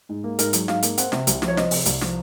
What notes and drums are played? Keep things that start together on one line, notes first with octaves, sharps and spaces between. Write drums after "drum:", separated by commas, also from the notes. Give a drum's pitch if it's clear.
G#2
A#3
G#2 A#4, drum: hi-hat
F#3, drum: hi-hat
G#2 F5, drum: snare
A#3, drum: hi-hat
C4 F#5, drum: hi-hat
C3, drum: snare
C2, drum: hi-hat
F3, drum: snare
C#5
C4 D#5, drum: snare
C3, drum: open hi-hat
C2, drum: hi-hat
F3, drum: snare